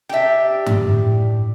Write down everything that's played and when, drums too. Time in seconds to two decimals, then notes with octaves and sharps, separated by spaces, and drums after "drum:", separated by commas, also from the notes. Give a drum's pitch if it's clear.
0.09 D4 G4 E5 G5
0.66 drum: tom G2
0.90 A2